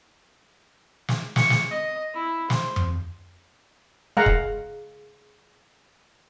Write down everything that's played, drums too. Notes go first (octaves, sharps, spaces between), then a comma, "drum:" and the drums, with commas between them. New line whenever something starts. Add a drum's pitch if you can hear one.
drum: snare
C#6, drum: snare
drum: snare
D#5
E4
C5, drum: snare
drum: tom F2
G#3 F5 F#5 A#5
drum: kick